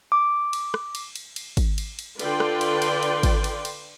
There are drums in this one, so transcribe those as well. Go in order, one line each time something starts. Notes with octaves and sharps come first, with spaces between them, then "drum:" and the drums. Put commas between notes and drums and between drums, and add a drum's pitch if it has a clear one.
D6
drum: cymbal
drum: rim click
drum: cymbal
drum: cymbal
drum: cymbal
drum: kick G#1, cymbal
drum: cymbal
drum: cymbal
D3 F4 B4 D5 G5 C6, drum: cymbal
drum: rim click
drum: cymbal
drum: cymbal
drum: cymbal
drum: kick G#1, cymbal
drum: cymbal
drum: cymbal